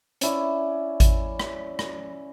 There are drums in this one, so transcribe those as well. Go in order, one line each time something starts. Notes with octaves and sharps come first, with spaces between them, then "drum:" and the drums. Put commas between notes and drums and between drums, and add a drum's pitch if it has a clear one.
C#4 E4 D5, drum: hi-hat
drum: kick G#1, hi-hat
drum: rim click
drum: rim click